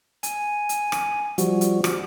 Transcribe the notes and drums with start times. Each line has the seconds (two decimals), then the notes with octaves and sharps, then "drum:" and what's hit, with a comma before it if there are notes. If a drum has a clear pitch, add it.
0.23 G#5, drum: hi-hat
0.69 drum: hi-hat
0.92 drum: rim click
1.38 F3 G3 F#4, drum: hi-hat
1.61 drum: hi-hat
1.84 drum: rim click